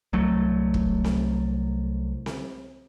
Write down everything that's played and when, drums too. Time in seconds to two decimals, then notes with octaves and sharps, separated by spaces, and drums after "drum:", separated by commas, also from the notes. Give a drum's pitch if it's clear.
0.13 C2 F#3 A3
0.74 drum: kick
1.04 drum: snare C4
2.26 drum: snare C4